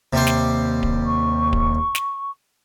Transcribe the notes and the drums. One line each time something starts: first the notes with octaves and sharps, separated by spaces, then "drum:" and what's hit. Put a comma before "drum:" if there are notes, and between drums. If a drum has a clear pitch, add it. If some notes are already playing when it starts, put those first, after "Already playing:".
D#2 C3 G3 C5
drum: snare
drum: kick D1
C#6
drum: kick D1
drum: snare